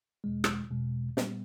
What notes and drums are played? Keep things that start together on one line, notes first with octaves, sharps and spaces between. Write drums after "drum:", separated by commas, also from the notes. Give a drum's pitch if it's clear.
E2 B2 G#3
drum: rim click
E2 B2 G#3
A#2 G3 B3, drum: snare